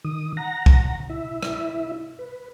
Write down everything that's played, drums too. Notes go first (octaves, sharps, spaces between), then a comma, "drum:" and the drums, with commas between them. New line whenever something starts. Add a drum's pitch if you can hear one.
D#3 D#6
F#5 A#5 A#6
drum: kick C2
E4 E5
drum: rim click
B4